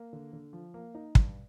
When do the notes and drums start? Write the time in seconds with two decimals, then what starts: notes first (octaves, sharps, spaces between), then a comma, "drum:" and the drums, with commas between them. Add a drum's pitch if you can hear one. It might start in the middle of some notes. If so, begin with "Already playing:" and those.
Already playing: A#3
0.13 D3
0.33 D3
0.53 F3
0.74 A#3
0.95 D#4
1.15 G2, drum: kick